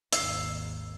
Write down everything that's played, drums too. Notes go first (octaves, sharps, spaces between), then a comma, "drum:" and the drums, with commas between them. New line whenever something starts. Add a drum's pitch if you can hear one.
G#1 D#2 E6 C7, drum: hi-hat